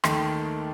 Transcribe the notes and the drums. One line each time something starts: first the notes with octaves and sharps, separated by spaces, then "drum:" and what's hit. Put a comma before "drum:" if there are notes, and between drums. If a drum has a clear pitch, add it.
D#2 D#3 A3, drum: rim click